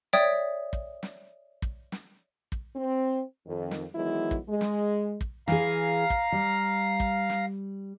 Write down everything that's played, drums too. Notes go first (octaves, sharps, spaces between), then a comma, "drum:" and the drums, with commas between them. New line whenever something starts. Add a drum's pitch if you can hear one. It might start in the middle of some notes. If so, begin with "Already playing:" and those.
C#5 D5 E5 G5 D#6, drum: snare
drum: kick
drum: snare
drum: kick
drum: snare
drum: kick
C4
F2 D#3
drum: snare
D#3 E3 F#3 G#3 B3 E4
drum: kick
G#3
drum: snare
drum: kick
E3 G#4 F5 A#5, drum: snare
drum: kick
G3
drum: kick
drum: snare